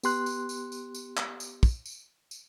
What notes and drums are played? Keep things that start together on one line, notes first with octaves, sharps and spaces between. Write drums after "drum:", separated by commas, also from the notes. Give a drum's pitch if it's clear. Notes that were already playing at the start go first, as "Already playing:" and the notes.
B3 G4 C6 F#6, drum: tambourine
drum: tambourine
drum: tambourine
drum: tambourine
drum: tambourine
drum: clap
drum: tambourine
drum: kick, tambourine
drum: tambourine
drum: tambourine